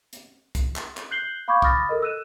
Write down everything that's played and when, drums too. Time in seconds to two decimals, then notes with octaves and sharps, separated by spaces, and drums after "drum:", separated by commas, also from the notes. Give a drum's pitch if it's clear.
0.13 drum: hi-hat
0.55 drum: kick, hi-hat
0.76 drum: clap
0.97 drum: clap
1.11 F#6 G6 C7 F#7 G7
1.48 F5 B5 C#6 D6 G6 G#6
1.62 B5 D6 D#6 F6 A6 A#6, drum: kick
1.89 A4 A#4 D#5
2.02 E6 F#6 D#7 E7